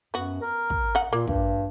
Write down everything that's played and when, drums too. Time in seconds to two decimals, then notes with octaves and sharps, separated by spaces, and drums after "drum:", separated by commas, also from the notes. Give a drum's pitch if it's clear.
0.14 F#2 B3 F#4
0.42 A#4
0.70 drum: kick
0.95 D#5 F#5
1.13 A#2 A#3
1.28 G2, drum: kick